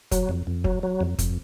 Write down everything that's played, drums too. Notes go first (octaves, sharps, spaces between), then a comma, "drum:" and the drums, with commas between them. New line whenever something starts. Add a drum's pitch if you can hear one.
F#3, drum: kick, hi-hat
F2
F2
F#3, drum: kick
F#3
F2
F2, drum: kick, hi-hat